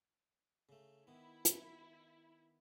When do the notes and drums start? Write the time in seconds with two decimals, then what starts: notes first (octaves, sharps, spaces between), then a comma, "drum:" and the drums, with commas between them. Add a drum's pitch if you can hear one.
0.69 C#3 A3
1.07 D#3 B3 E4
1.45 drum: hi-hat